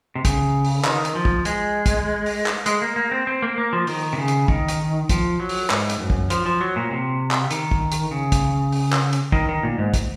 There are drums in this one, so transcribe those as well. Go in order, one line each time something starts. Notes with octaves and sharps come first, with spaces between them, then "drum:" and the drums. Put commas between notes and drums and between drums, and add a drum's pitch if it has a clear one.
C3
C#3, drum: kick, hi-hat
drum: open hi-hat
D#3, drum: clap
drum: hi-hat
F3
drum: kick
G#3, drum: hi-hat
drum: kick, hi-hat
drum: open hi-hat
drum: clap
G#3, drum: hi-hat
A#3
A#3
C4
C4
A#3
A#3
F3
D#3, drum: open hi-hat
C3
C#3
drum: hi-hat
D#3, drum: kick
drum: hi-hat
F3, drum: kick, hi-hat
F#3
drum: open hi-hat
G#2, drum: clap
drum: hi-hat
F#2
drum: kick
F3, drum: hi-hat
F3
F#3
A#2
C3
drum: clap
D#3, drum: hi-hat
drum: kick
drum: hi-hat
C#3
drum: kick, hi-hat
drum: open hi-hat
drum: clap
drum: hi-hat
D#3, drum: kick
D#3
A#2
G#2
drum: kick, hi-hat